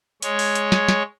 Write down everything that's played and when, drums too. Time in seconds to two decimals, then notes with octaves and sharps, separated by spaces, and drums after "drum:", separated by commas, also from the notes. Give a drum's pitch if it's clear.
0.22 G#3 C#5, drum: hi-hat
0.39 drum: open hi-hat
0.55 drum: hi-hat
0.72 drum: snare
0.88 drum: snare